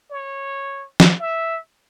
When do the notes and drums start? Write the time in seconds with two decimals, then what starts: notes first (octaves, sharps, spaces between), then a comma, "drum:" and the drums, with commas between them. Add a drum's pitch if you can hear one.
0.10 C#5
1.00 drum: snare F3
1.19 E5